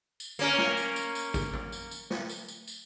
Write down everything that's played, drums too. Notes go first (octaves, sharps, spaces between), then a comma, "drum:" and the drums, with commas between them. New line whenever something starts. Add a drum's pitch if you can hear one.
drum: tambourine
A#3 C#4 A#4, drum: tambourine
drum: snare
drum: tambourine
drum: tambourine
drum: tambourine
drum: kick G#1, tambourine
drum: tom
drum: tambourine
drum: tambourine
drum: snare
drum: tambourine
drum: tambourine
drum: tambourine